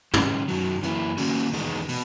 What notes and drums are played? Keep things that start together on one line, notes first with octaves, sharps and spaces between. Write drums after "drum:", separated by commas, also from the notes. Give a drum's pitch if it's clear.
D#3 G#3 C#4, drum: tom
F#2 D#3 F#3, drum: open hi-hat
F#2 E3 A#3 E4, drum: hi-hat
D#3 A#3 C#4 F#4, drum: open hi-hat
E2 D#3 G#3 B3, drum: open hi-hat
B2, drum: open hi-hat